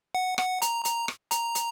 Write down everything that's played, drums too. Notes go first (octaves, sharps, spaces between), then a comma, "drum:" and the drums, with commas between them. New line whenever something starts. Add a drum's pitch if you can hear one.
F#5
F#5, drum: rim click
A#5, drum: hi-hat
A#5, drum: hi-hat
drum: rim click
A#5, drum: hi-hat
drum: hi-hat